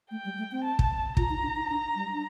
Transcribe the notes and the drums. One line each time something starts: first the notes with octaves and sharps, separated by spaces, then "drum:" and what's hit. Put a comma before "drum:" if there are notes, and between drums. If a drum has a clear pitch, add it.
A3 G5
G3
A3
C4
A5
drum: kick
F4 A#5, drum: kick
D#4
D4
D#4
D4 A#5
G3
D4